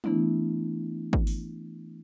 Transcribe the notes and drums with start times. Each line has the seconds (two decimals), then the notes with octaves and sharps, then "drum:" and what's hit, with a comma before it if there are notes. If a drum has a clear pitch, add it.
0.04 E3 A3 B3 D4 E4, drum: tom
1.13 drum: kick
1.27 drum: open hi-hat